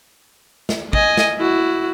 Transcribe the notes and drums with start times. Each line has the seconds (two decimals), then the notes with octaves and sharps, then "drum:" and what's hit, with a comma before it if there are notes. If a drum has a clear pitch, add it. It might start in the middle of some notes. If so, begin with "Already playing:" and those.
0.69 drum: snare
0.93 D#5 G#5, drum: kick
1.17 drum: snare
1.39 E4 F#4